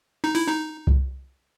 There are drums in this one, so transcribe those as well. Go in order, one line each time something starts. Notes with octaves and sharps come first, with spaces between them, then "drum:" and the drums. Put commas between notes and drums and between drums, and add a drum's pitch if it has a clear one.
D#4
E4, drum: open hi-hat
D#4
drum: kick C2